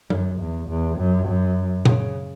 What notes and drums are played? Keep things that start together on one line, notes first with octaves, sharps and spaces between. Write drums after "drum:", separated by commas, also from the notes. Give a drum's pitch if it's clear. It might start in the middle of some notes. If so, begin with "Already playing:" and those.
F#2, drum: tom F#3
E2
E2
F#2
F#2
C#3, drum: tom A#2